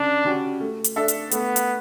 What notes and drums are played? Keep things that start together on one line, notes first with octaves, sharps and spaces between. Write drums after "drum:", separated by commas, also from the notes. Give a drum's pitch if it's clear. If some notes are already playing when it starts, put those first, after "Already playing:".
Already playing: C#3 D4
G3 C#4 F#4
A3
drum: hi-hat
D4 A4 E5
drum: hi-hat
A3 B3, drum: hi-hat
drum: hi-hat